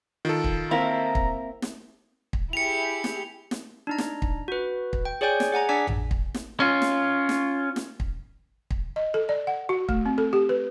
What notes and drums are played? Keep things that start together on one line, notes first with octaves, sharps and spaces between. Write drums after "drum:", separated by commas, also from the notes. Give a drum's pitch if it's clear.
D#3 F4 A4
drum: kick
A#3 C4 E4 E5 A#5
drum: kick
drum: snare
drum: kick
E4 G4 G#4 C#7 F7
drum: snare
drum: snare
D4 D#4 A#5
drum: snare
drum: kick
F#4 B4
drum: kick
G5
G#4 C#5 D5 G5 G#5 G6
drum: snare
G#4 F#5 G#5 A#5
D4 D5 F#5 G#5 D6 B6
drum: tom A1
drum: kick
drum: snare
C#4 F4
drum: snare
drum: snare
drum: snare
drum: kick
drum: kick
D#5
A4
D5
F#5
F#4
A3, drum: kick
C4
A4
G4
B4